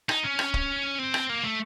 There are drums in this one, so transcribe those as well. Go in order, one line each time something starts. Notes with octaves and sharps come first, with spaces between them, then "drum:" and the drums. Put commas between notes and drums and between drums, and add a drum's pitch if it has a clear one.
D#4, drum: rim click
C#4
drum: rim click
drum: kick
C4
drum: rim click
A#3
A3